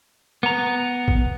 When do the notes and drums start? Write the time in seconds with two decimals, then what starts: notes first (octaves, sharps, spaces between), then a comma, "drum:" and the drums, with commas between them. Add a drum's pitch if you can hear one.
0.43 B3 A#5
1.08 drum: kick